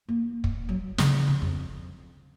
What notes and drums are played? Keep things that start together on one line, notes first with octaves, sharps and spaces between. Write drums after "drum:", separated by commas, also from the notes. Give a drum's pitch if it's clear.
A#3
drum: kick
F#3
C#3, drum: snare
C3
F2